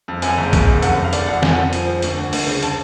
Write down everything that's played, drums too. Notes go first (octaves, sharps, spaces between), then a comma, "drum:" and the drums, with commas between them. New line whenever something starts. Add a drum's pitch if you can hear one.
F2
F#2 G#5, drum: hi-hat
F#1
F#1, drum: kick B1, hi-hat
F#2
F1 F#5, drum: hi-hat
F1
F5
F1 D5, drum: hi-hat
F2 F#5
F2 G#5, drum: snare
F#5
F2
F3, drum: hi-hat
F3
D2, drum: hi-hat
D2
D2, drum: open hi-hat
C#3
A5, drum: hi-hat